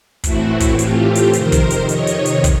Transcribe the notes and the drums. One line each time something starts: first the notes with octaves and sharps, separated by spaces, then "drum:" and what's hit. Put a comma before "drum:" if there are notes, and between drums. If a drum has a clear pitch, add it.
A2 E3 A3 C4 E4 F#4, drum: kick, hi-hat
drum: kick, hi-hat
F4 G4, drum: hi-hat
drum: hi-hat
F2 C3 D#3 A#4 C5, drum: hi-hat
drum: kick, hi-hat
drum: hi-hat
C#5 D#5, drum: hi-hat
drum: hi-hat
drum: hi-hat
drum: kick, hi-hat